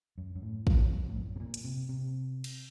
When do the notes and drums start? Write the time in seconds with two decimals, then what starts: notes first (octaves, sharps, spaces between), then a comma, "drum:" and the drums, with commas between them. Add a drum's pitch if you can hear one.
0.18 F#2
0.35 F#2
0.42 A2
0.67 F#2, drum: kick
0.91 F2
1.09 A2
1.16 F#2
1.36 C3
1.40 A#2
1.54 drum: hi-hat
1.64 C3
1.89 C3
2.44 drum: cymbal